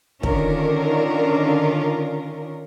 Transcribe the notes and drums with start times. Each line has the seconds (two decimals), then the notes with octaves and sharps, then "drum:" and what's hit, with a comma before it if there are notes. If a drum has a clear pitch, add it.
0.23 D3 D#3 C#4 D4 F4 A#4, drum: kick